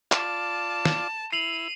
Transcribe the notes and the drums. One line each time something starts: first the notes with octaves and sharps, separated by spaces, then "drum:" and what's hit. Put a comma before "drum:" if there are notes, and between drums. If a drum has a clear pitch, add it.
F4 D5 A5, drum: clap
drum: snare
E4 C7 D#7 F7 F#7